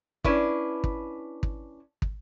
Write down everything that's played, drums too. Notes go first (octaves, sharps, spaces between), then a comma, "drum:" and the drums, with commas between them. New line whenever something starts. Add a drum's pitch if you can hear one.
C#4 D4 E4 B4, drum: kick
drum: kick
drum: kick
drum: kick